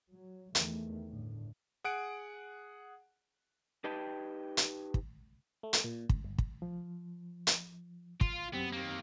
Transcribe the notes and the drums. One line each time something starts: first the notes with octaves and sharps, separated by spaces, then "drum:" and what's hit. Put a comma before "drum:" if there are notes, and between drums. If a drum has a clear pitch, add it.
F#3
E2 D#3 A3, drum: hi-hat
G1 A2 D3
G#4 F#5 D7
D#4 G4 B4 D#5 G5 A5
drum: hi-hat
drum: kick
A3
drum: hi-hat
A#2
C#2, drum: kick
G1
drum: kick
F3
drum: hi-hat
F4, drum: kick
F#2 B3 C4 G4
D#3 A#3